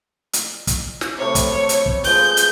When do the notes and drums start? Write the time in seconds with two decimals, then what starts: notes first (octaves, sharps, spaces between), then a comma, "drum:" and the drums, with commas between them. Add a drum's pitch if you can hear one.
0.33 drum: hi-hat
0.67 drum: kick, hi-hat
1.01 drum: snare
1.18 C3 G3 A3 C#5
1.35 drum: kick, hi-hat
1.69 drum: hi-hat
1.86 drum: kick
2.04 F3 G#3 B4 G6, drum: open hi-hat
2.37 drum: hi-hat